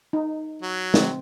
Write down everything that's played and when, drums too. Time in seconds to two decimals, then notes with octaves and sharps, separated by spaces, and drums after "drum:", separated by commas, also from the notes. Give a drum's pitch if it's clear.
0.13 D#4
0.62 F#3
0.94 C4, drum: snare